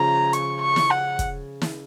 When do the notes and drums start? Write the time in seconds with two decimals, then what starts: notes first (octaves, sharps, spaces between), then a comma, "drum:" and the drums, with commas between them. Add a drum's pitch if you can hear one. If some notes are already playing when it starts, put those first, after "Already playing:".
Already playing: C#3 F3 G#3 A#5
0.33 C#6, drum: hi-hat
0.62 C#6
0.76 drum: snare
0.91 F#5
1.19 drum: kick, hi-hat
1.62 drum: snare